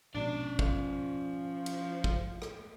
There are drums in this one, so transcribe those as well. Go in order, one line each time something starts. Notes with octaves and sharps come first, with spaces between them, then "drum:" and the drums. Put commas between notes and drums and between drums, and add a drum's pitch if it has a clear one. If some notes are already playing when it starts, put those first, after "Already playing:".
A#1 G#2 B2 C#4 D4 D5
F3, drum: kick
drum: cymbal
drum: kick
drum: rim click